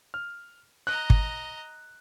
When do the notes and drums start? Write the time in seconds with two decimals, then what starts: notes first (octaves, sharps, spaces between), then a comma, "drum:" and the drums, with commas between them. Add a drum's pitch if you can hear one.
0.14 F6
0.87 D#5 A#5 F#6
1.10 drum: kick